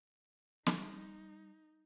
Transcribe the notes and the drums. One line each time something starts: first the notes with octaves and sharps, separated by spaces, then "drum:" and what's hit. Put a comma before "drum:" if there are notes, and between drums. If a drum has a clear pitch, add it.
G3 D#4, drum: snare